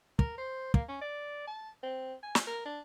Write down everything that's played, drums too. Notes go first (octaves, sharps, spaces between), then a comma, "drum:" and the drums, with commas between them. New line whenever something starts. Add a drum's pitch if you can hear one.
A#4, drum: kick
C5
A#3, drum: kick
C#4
D5
A5
C4
G#5
drum: snare
A#4
D4